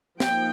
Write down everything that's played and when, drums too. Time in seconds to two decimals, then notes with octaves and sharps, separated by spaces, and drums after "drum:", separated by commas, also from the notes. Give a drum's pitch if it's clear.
0.20 F3 A#3 D#4 G5, drum: snare